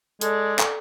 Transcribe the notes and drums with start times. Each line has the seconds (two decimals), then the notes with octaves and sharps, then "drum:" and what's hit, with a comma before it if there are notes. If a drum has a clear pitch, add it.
0.21 G#3 A4 D5, drum: hi-hat
0.59 drum: clap